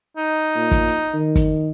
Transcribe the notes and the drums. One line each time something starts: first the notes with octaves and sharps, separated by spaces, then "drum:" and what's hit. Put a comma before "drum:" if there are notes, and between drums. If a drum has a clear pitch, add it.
D#4
A#2
drum: kick, hi-hat
drum: hi-hat
D#3
drum: kick, hi-hat